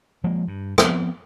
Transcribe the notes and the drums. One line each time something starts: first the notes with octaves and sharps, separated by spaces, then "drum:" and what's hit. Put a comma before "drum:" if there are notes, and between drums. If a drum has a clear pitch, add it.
F3 G#3 A#3
G2
F3 B3 C4, drum: rim click